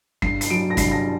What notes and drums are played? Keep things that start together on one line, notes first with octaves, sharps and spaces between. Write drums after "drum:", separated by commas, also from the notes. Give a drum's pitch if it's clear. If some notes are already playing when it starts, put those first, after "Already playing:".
G2 C7, drum: kick
C7, drum: hi-hat
F#3 D7
A#6
G2 C7, drum: kick, hi-hat
A#6